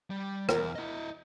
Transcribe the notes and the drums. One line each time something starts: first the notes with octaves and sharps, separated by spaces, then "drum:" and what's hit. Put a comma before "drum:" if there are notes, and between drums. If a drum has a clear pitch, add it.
G3
E2 A#4, drum: rim click
E4 D#5